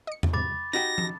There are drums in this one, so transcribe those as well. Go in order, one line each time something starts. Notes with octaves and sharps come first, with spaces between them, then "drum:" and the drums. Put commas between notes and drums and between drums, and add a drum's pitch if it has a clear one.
D#5 C#7
drum: tom E2
G#2 C3 B5 D6 A6
D#4 F#4 G4 A#6
drum: tom